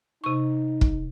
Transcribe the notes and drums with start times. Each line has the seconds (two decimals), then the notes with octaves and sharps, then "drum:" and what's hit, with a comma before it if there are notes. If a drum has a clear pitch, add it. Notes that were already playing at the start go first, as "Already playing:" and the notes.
0.24 C3 D#4 C#6
0.81 drum: kick